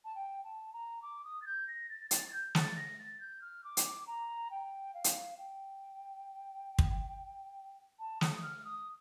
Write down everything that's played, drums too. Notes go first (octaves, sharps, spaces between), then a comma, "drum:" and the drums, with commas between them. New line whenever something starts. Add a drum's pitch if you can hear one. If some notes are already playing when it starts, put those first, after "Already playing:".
A5
G5
A5
A#5
D6
D#6
A6
G6
A#6
A6
A6, drum: hi-hat
A6
G6
A6, drum: snare
A#6
A6
G6
F6
D6
drum: hi-hat
A#5
G5
F5
drum: hi-hat
G5
drum: kick
A5
D#6, drum: snare
F6
D#6